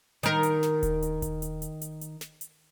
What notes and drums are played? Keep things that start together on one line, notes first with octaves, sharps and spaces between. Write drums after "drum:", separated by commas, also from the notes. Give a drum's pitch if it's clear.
D#3 A#4, drum: hi-hat
drum: hi-hat
drum: snare
drum: kick D#1, hi-hat
drum: hi-hat
drum: kick D#1, hi-hat
drum: hi-hat
drum: hi-hat
drum: hi-hat
drum: hi-hat
drum: snare
drum: hi-hat